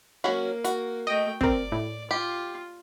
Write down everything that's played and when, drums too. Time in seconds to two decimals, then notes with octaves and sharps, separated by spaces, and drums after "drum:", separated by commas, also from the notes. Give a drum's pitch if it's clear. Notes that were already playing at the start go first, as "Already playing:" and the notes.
0.24 F#3 A#3 C#4 F#4
0.64 F#4, drum: hi-hat
1.07 A3 D#5 G5
1.41 C4 A#4 D5, drum: kick
1.72 A2
2.11 F4 G4